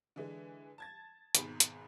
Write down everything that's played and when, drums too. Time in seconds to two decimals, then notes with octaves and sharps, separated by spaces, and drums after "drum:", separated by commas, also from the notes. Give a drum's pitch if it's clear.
0.16 D3 E3 G#3
0.78 A5 G#6 A6
1.35 G#1 G#2 B2 G#4 B5, drum: hi-hat
1.60 drum: hi-hat